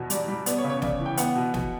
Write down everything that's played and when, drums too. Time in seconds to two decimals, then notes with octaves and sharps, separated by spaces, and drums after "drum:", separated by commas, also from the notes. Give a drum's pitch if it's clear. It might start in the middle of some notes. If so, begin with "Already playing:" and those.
Already playing: E2 B2
0.10 G3 D5, drum: hi-hat
0.28 G3
0.46 B3 D5, drum: hi-hat
0.58 C#5
0.64 C#3
0.69 C#5
0.82 C#3 D5, drum: snare
1.00 E3
1.06 G5
1.17 B3 F#5, drum: hi-hat
1.36 B2
1.54 B2, drum: snare